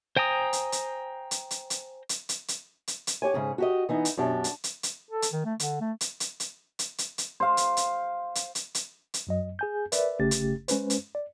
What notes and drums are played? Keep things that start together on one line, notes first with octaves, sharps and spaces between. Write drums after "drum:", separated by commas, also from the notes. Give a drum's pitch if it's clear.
C5 G5 G#5 A#5 D#6
drum: hi-hat
drum: hi-hat
drum: hi-hat
drum: hi-hat
drum: hi-hat
drum: hi-hat
drum: hi-hat
drum: hi-hat
drum: hi-hat
drum: hi-hat
G4 C#5 G#5
G#2 C#3 G#4
F#4 G4 D#5
E3 B3 D#4
drum: hi-hat
F#2 B2 D4 G4
drum: hi-hat
drum: hi-hat
drum: hi-hat
A4
drum: hi-hat
D#3
A3
D3, drum: hi-hat
A3
drum: hi-hat
drum: hi-hat
drum: hi-hat
drum: hi-hat
drum: hi-hat
drum: hi-hat
C5 F5
drum: hi-hat
drum: hi-hat
drum: hi-hat
drum: hi-hat
drum: hi-hat
drum: hi-hat
F#2 F#3 D#5
G#4 G#5 G6
A#4 B4 D5 E5, drum: hi-hat
G1 C#3 A3 C#4 G4 A6
drum: hi-hat
G#3 C#4 B4 C5, drum: hi-hat
drum: hi-hat
D5